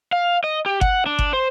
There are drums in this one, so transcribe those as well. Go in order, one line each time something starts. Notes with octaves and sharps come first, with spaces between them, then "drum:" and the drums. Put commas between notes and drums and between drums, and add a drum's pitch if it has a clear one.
F5
D#5
G4
F#5, drum: kick G1
D4
drum: kick G1
C5